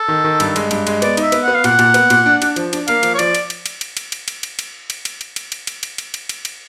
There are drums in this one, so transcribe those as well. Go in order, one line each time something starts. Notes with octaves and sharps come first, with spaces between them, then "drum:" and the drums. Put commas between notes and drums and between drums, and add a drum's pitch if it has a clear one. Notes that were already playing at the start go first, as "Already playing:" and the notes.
Already playing: A4
D#3
D#3
G2, drum: cymbal
G#3, drum: cymbal
G2, drum: cymbal
G#3, drum: cymbal
B3 D5, drum: cymbal
D#4, drum: cymbal
E5
B3, drum: cymbal
B3 F#5
F5
A#2 F#5, drum: cymbal
A#2, drum: cymbal
B3, drum: cymbal
A#2, drum: cymbal
D4
D4, drum: cymbal
F3, drum: cymbal
D4, drum: cymbal
A#3 F5, drum: cymbal
F3, drum: cymbal
C#5
F3 D5, drum: cymbal
drum: cymbal
drum: cymbal
drum: cymbal
drum: cymbal
drum: cymbal
drum: cymbal
drum: cymbal
drum: cymbal
drum: cymbal
drum: cymbal
drum: cymbal
drum: cymbal
drum: cymbal
drum: cymbal
drum: cymbal
drum: cymbal
drum: cymbal
drum: cymbal
drum: cymbal
drum: cymbal